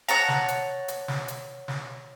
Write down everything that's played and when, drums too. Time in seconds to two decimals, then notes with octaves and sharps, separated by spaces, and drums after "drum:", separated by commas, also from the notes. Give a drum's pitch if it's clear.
0.09 C#5 F#5 A5 A#5, drum: hi-hat
0.28 drum: snare
0.48 drum: hi-hat
0.88 drum: hi-hat
1.08 drum: snare
1.28 drum: hi-hat
1.68 drum: snare